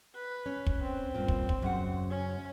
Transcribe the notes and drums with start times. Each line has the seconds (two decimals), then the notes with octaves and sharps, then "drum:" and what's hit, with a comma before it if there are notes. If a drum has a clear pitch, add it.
0.15 B4
0.46 C#4
0.66 drum: kick
0.82 C4
1.15 G2 A#2
1.28 drum: kick
1.49 drum: kick
1.62 F#2 C#3 F#5
2.10 C#4